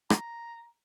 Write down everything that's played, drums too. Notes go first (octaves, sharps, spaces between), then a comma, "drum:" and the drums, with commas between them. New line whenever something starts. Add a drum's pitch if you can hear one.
A#5, drum: rim click